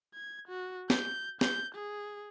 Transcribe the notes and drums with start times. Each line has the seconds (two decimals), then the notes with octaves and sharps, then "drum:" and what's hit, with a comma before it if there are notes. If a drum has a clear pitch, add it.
0.14 G#6
0.48 F#4
0.90 G6, drum: snare
1.41 G6, drum: snare
1.75 G#4